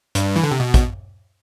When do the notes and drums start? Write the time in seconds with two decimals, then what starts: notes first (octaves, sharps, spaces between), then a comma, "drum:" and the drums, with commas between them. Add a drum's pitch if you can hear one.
0.15 G2, drum: hi-hat
0.36 E3
0.44 D3
0.51 C3
0.60 B2
0.74 drum: kick, hi-hat